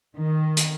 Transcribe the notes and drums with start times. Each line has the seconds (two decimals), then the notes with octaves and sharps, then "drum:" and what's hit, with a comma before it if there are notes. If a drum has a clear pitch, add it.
0.16 D#3
0.57 drum: hi-hat